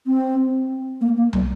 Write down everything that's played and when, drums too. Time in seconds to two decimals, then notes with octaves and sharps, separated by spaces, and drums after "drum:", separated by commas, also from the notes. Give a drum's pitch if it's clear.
0.07 C4
1.01 A#3
1.17 A#3
1.33 G3, drum: tom